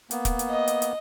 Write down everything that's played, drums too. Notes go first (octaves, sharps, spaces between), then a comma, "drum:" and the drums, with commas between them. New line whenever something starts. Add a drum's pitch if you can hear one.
A#3 B3, drum: hi-hat
drum: kick, hi-hat
drum: hi-hat
D#5
drum: hi-hat
drum: hi-hat